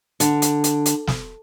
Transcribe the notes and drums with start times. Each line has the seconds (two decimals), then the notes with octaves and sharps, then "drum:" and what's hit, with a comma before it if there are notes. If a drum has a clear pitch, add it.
0.20 D3, drum: hi-hat
0.42 drum: hi-hat
0.64 drum: hi-hat
0.86 drum: hi-hat
1.07 drum: snare